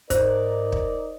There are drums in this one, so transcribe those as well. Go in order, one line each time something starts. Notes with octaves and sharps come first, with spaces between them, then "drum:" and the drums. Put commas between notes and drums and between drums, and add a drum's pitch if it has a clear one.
G#2 D#4 A#4 C5 D5, drum: kick, hi-hat
drum: kick